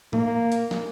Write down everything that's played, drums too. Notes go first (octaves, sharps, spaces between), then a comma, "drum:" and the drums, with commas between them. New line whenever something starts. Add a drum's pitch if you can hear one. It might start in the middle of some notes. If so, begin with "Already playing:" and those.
A#3, drum: tom A2
drum: hi-hat
drum: snare